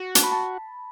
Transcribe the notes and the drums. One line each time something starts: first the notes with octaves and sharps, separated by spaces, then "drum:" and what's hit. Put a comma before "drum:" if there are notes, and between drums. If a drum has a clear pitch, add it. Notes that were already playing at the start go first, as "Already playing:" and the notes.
Already playing: F#4
A5, drum: hi-hat
B5
A5